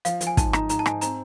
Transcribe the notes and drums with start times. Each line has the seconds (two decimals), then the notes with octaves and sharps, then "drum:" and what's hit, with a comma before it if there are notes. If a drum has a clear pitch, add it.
0.05 F3 F5, drum: hi-hat
0.21 F3, drum: hi-hat
0.27 G#5
0.37 G#2 A5, drum: kick, hi-hat
0.53 D#4 A#5, drum: rim click
0.69 G#2 A#5, drum: hi-hat
0.79 A5
0.86 G#2 G#5, drum: rim click
1.01 C4 A#5, drum: hi-hat